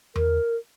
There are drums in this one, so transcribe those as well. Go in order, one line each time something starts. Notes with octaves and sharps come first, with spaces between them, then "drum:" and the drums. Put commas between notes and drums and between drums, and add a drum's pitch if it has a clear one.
A#4, drum: tom E2